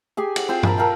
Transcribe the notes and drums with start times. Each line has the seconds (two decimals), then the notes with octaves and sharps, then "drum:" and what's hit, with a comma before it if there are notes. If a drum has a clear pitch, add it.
0.17 G4 G#4 G#5
0.36 F#5, drum: cymbal
0.49 C4 F4 C5 G5
0.63 A#4 A5 B5, drum: tom G2
0.77 A4 A#4 F5 G5